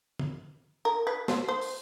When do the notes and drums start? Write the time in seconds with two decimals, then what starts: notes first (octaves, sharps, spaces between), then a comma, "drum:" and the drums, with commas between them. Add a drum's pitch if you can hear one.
0.19 drum: tom
0.85 A#4
1.07 B4
1.28 C5, drum: snare
1.48 C5
1.61 drum: open hi-hat